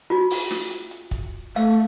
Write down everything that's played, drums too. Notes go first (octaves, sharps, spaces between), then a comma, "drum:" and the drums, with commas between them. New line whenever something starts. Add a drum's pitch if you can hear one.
F4 F#4
drum: open hi-hat
drum: snare
drum: hi-hat
drum: hi-hat
drum: kick, hi-hat
A3 F5
drum: hi-hat